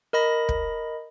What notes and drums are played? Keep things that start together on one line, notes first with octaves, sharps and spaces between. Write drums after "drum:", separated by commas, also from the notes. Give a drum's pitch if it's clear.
A#4 D#5 B5 A#6
drum: kick